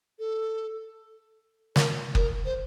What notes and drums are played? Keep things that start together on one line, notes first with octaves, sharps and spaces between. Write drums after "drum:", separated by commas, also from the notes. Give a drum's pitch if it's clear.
A4
A#4, drum: snare
A#4, drum: kick F#1
C5